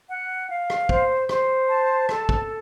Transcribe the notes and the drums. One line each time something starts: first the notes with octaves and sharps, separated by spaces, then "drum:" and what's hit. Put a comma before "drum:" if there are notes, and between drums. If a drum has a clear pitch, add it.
F#5
F5
drum: rim click
C5, drum: kick
C5, drum: rim click
A5
A4, drum: rim click
drum: kick